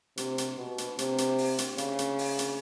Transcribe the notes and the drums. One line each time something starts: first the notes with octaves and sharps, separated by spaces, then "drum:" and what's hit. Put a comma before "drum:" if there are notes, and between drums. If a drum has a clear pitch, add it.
C3, drum: hi-hat
drum: hi-hat
B2
drum: hi-hat
C3, drum: hi-hat
drum: hi-hat
drum: open hi-hat
drum: hi-hat
C#3, drum: hi-hat
drum: hi-hat
drum: open hi-hat
drum: hi-hat